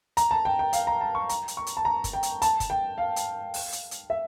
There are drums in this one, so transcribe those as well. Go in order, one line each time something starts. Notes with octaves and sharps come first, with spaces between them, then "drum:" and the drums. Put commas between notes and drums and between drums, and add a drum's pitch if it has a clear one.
A#5, drum: hi-hat
A5
G5
G5
F5, drum: hi-hat
A#5
A5
C#6
A#5, drum: hi-hat
drum: hi-hat
C#6
drum: hi-hat
A5
A#5
drum: kick, hi-hat
G5
drum: hi-hat
A5, drum: hi-hat
drum: kick, hi-hat
G5
F5
drum: hi-hat
drum: open hi-hat
drum: hi-hat
drum: hi-hat
E5